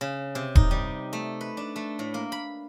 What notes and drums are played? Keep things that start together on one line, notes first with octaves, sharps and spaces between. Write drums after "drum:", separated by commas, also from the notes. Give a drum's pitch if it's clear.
C#3
C3
D#4, drum: kick D#1
G3
A3
B4
D4
A3
A2
A#3
B5